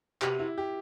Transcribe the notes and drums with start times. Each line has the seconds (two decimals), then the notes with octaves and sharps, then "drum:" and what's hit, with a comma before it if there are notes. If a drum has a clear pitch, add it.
0.22 C3 F#3 B3 G4, drum: clap
0.39 E4
0.58 G4